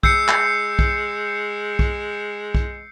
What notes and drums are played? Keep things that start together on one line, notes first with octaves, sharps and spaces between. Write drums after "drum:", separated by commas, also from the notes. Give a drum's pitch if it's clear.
G#3 E6 G6 C7 C#7, drum: kick B1
drum: clap
drum: kick B1
drum: kick B1
drum: kick B1